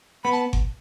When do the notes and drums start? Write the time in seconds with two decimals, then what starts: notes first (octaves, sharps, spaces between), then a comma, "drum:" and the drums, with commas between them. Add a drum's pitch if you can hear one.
0.24 B3 B5
0.32 A5
0.53 drum: kick G1